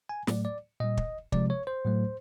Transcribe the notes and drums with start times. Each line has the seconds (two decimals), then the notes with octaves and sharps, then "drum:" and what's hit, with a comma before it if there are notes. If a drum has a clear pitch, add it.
0.09 G#5
0.27 A2 F#3 A3 D5, drum: snare
0.45 D5
0.80 A#2 G3 D#5
0.97 drum: kick
1.32 C3 F3 G#3 D5, drum: kick
1.50 C#5
1.67 C5
1.85 A2 F#3 A3